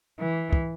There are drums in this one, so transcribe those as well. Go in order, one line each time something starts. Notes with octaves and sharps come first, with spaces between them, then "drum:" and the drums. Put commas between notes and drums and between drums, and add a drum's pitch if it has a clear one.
E3
drum: kick